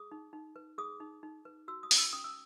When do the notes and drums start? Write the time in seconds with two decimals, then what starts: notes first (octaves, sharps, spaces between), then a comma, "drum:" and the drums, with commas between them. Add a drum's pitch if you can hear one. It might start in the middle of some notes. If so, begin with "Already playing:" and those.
Already playing: G#4 D#6
0.11 D#4
0.33 D#4
0.56 B4
0.78 G#4 D#6
1.00 D#4
1.23 D#4
1.45 B4
1.68 F#4 E6
1.83 D#6
1.91 C#4, drum: open hi-hat
1.98 E6
2.13 C#4 D#6
2.24 E6